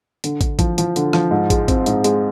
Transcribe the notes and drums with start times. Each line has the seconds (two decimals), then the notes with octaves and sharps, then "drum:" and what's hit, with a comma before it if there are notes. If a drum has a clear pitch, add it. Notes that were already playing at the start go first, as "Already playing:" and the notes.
0.24 D3, drum: hi-hat
0.41 D3, drum: kick, hi-hat
0.59 F3, drum: kick, hi-hat
0.78 F3, drum: hi-hat
0.96 D3, drum: hi-hat
1.13 F3, drum: rim click
1.31 G#2
1.50 G#3, drum: kick, hi-hat
1.68 C4, drum: kick, hi-hat
1.86 G#2, drum: hi-hat
2.04 G#3, drum: hi-hat